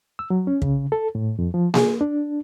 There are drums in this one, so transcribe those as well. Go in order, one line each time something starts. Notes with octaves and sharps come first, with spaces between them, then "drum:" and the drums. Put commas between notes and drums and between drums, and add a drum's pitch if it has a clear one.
E6
F#3
C#4
C#3, drum: kick
A4
A2
F2
F3
G#4, drum: snare A#3
D4